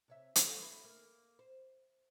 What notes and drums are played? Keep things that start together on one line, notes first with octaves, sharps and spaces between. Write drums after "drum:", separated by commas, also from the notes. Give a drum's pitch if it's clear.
C3 C#5 E5
D2 F#4 A4, drum: hi-hat
E4 B4
A#3
C5